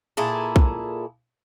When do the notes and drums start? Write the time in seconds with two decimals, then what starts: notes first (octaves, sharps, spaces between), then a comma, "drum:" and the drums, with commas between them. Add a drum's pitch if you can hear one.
0.17 A#2 E4 G#4 A4
0.56 drum: kick